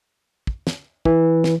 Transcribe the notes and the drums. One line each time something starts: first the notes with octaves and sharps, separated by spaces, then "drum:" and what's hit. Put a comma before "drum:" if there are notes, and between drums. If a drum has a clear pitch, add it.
drum: kick
drum: snare
E3, drum: kick
drum: snare